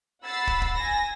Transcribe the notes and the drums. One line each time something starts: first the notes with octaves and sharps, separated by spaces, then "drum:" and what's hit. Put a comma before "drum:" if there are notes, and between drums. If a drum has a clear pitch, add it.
F#5 B5 E6 A6 C7
drum: kick
drum: kick
G#5 A#6